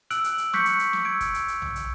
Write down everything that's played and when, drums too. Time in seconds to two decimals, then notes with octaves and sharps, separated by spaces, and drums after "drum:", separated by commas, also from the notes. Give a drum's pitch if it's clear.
0.10 E6 F#6 D7 F#7, drum: hi-hat
0.24 drum: hi-hat
0.38 drum: hi-hat
0.53 C#6 D6 F#6 G6 B6 C#7, drum: snare
0.66 drum: hi-hat
0.79 drum: hi-hat
0.93 drum: snare
1.05 E6 G#6 D7
1.21 drum: kick, hi-hat
1.34 drum: hi-hat
1.48 drum: hi-hat
1.62 drum: tom B1
1.76 drum: hi-hat